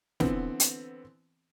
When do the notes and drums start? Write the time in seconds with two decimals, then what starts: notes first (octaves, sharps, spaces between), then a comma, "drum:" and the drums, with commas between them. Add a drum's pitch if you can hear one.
0.20 D3 E3 B3 C4, drum: snare
0.60 drum: hi-hat